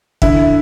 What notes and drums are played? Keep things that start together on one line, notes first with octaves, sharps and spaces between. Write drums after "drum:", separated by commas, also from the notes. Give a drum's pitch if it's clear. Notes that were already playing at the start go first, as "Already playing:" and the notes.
D3 E4, drum: kick